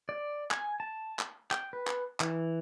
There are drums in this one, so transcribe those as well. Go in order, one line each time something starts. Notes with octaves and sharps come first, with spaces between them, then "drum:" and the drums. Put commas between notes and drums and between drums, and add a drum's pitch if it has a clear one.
D5
G#5, drum: clap
A5
drum: clap
G5, drum: clap
B4
drum: clap
E3, drum: clap